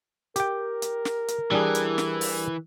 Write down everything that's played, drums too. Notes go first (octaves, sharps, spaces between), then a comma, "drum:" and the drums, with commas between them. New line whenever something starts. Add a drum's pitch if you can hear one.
G4 A#4 G5, drum: hi-hat
drum: hi-hat
drum: snare
drum: hi-hat
E3 G3 D4 G#4
drum: hi-hat
drum: snare
drum: open hi-hat